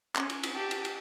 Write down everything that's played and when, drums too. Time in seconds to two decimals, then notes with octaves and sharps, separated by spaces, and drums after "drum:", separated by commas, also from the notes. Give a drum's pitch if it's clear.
0.16 C#4, drum: clap
0.30 drum: cymbal
0.43 drum: cymbal
0.53 G4 A5
0.71 drum: cymbal
0.85 drum: cymbal